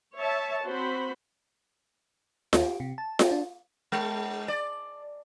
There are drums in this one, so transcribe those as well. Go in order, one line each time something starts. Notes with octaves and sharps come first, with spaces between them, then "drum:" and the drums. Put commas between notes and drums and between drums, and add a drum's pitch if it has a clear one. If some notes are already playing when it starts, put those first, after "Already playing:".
C#5 E5 A5
C4 F#4 C5 B5
D#2, drum: snare F4
G4
C3
A5
G4, drum: snare F4
D4
G#3
D5